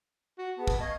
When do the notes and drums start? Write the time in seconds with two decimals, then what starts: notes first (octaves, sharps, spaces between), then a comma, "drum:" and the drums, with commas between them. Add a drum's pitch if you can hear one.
0.38 F#4
0.58 B3 G#4 B4 A5
0.67 drum: kick
0.80 D#5 F5 C#6 G#6